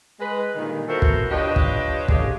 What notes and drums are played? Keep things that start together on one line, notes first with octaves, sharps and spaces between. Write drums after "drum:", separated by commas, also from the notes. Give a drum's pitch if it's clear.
G#3 B4
G2 A#2 D3 D#3
B3 E4 F#4 A4 A#4 C5
drum: kick
D4 F4 G4 B4 C#5 D#5
drum: kick
D3 A3 C#4 F4 G4 G#4, drum: kick